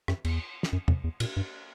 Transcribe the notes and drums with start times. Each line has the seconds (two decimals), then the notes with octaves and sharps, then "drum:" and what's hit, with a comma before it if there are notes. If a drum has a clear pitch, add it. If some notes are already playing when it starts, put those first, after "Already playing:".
0.08 F#2, drum: rim click
0.25 E2, drum: cymbal
0.63 drum: snare
0.73 F#2
0.88 F2, drum: tom
1.04 E2
1.20 A#2, drum: cymbal
1.37 G2